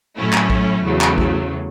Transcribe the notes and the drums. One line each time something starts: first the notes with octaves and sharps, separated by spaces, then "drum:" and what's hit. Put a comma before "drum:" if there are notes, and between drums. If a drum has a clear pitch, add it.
A2 F#3 A3 C#4 E4
drum: clap
drum: kick A#1
E2 C#3 F#3 A3
drum: clap
drum: kick A#1